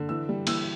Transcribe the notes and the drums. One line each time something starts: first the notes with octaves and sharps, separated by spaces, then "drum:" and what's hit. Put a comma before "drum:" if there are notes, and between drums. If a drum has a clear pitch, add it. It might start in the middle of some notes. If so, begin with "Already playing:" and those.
Already playing: D3
E3 E6
G3
E3 E6, drum: cymbal